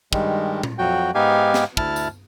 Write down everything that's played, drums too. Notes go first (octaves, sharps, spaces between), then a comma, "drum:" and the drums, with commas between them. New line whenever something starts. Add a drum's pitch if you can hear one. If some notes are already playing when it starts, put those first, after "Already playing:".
G2 D#3 G3 G#3, drum: kick
drum: tom A#2
F2 F#3 F#4 G5
G#2 B3 D#4 G4 F5 G#5
drum: snare
D2 E4 A5 F6, drum: kick
drum: tambourine